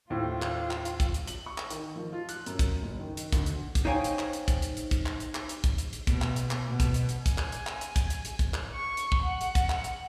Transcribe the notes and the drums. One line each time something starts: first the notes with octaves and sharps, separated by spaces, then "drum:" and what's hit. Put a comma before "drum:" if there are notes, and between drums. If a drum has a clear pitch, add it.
D#2 A2 C4 F4
drum: clap
drum: clap
drum: hi-hat
drum: kick, hi-hat
drum: hi-hat
F#7, drum: hi-hat
C#6
drum: clap
D#3, drum: hi-hat
F3
F4
F#6, drum: hi-hat
F#2, drum: hi-hat
drum: kick, hi-hat
F#1
D#3
drum: hi-hat
D2, drum: kick, hi-hat
drum: hi-hat
drum: kick, hi-hat
D#4 C5 C#5 F5 G5 G#5
drum: hi-hat
drum: clap
drum: hi-hat
drum: kick, hi-hat
drum: hi-hat
drum: hi-hat
drum: kick, hi-hat
drum: clap
drum: hi-hat
drum: clap
drum: hi-hat
drum: kick, hi-hat
drum: hi-hat
drum: hi-hat
B2, drum: kick, hi-hat
drum: clap
drum: hi-hat
drum: clap
B2
drum: kick, hi-hat
drum: hi-hat
drum: hi-hat
G#5, drum: kick, hi-hat
drum: clap
drum: hi-hat
drum: clap
drum: hi-hat
drum: kick, hi-hat
drum: hi-hat
drum: hi-hat
drum: kick, hi-hat
drum: clap
C#6
drum: hi-hat
drum: kick
F#5
drum: hi-hat
drum: kick, hi-hat
drum: clap
drum: hi-hat